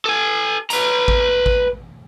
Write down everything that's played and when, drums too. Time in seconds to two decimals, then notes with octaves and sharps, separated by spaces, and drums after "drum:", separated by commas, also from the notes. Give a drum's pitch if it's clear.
0.06 A4 G#5
0.70 B4 A#5, drum: hi-hat
1.08 drum: kick A1
1.46 drum: kick A1